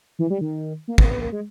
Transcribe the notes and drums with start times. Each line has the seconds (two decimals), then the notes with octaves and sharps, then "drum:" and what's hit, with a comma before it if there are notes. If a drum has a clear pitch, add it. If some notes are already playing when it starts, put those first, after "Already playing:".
0.19 E3
0.30 G3
0.41 D#3
0.88 A#3
0.98 B3, drum: kick
1.05 A#3
1.10 B3
1.21 A#3
1.32 G#3